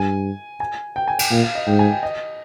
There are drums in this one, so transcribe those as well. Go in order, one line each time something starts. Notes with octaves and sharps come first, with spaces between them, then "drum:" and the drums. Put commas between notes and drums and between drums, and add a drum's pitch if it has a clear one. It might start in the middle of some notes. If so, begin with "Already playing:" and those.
Already playing: G2 G#5
G#5
G5
G#5
G5, drum: cymbal
A#2 F5
F5
D#5
G#2 G5
G#5
G5
D#5